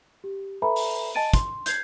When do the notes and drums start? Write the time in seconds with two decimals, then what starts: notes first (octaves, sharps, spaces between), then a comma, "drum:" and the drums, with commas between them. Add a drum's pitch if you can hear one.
0.24 G4
0.62 A4 B4 E5 G#5 A#5 B5
0.76 drum: open hi-hat
1.15 D#5 G#5 A5 A6 D7 D#7
1.34 C6, drum: kick, hi-hat
1.66 G6 G#6 C7, drum: hi-hat